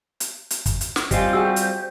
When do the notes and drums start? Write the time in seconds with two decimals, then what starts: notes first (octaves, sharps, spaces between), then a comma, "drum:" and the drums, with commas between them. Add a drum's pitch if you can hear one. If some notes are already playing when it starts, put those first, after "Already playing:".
0.20 drum: hi-hat
0.51 drum: hi-hat
0.66 drum: kick, hi-hat
0.81 drum: hi-hat
0.96 drum: snare
1.11 G3 C4 F4 G4 C5 D#5 G#5, drum: kick, hi-hat
1.33 F#4 G#4 G5 E6
1.56 drum: hi-hat